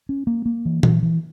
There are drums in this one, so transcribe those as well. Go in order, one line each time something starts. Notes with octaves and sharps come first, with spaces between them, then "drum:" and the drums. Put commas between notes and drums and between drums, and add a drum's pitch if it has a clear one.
C#4
A#3
A#3
E3
E3, drum: tom
E3